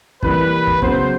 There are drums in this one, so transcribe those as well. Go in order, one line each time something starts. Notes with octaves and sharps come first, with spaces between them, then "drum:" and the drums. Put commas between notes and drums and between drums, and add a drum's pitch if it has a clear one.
C3 E3 G3 A#3 B4, drum: kick
drum: kick
C#3 F#3 B3 C5, drum: kick